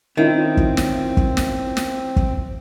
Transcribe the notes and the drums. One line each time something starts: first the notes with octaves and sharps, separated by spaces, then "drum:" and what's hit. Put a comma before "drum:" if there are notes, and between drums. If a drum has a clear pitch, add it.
D#3 C4 C#4 E4 F4
drum: kick
drum: snare
drum: kick
drum: snare
drum: snare
drum: kick